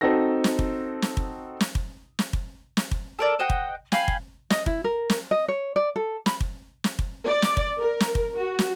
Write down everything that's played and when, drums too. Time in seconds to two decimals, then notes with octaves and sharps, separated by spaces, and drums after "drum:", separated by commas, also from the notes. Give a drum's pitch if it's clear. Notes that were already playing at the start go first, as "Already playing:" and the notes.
0.01 C4 D#4 F#4 A4 A#6
0.44 drum: snare
0.59 drum: kick
1.02 drum: snare
1.17 drum: kick
1.61 drum: snare
1.75 drum: kick
2.19 drum: snare
2.33 drum: kick
2.77 drum: snare
2.91 drum: kick
3.19 A4 A#4 D5
3.39 C5 D#5 F#5 G5
3.50 drum: kick
3.92 F5 G5 G#5 B5, drum: snare
4.08 drum: kick
4.50 D#5, drum: snare
4.66 E4, drum: kick
4.84 A#4
5.10 drum: snare
5.31 D#5
5.48 C#5
5.76 D5
5.96 A4
6.26 B5, drum: snare
6.40 drum: kick
6.84 drum: snare
6.99 drum: kick
7.25 D5
7.42 drum: snare
7.57 drum: kick
7.79 A#4
8.00 drum: snare
8.15 drum: kick
8.36 F#4
8.59 drum: snare